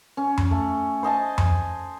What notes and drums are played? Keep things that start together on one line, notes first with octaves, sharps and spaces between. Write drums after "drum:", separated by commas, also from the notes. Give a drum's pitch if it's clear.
C#4
drum: tom F2
A3
C5 D#5 G#5 A5
drum: tom F2